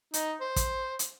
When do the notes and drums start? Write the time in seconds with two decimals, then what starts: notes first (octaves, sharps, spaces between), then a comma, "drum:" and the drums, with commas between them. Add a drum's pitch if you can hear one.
0.14 D#4, drum: hi-hat
0.41 C5
0.56 drum: kick, hi-hat
0.99 drum: hi-hat